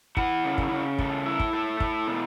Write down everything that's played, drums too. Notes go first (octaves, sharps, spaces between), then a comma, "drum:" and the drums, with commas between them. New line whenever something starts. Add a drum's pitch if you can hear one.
E4 F#5, drum: kick
C#3
drum: kick
C#3
A3, drum: kick
E4
drum: kick
A3
E4, drum: kick
B2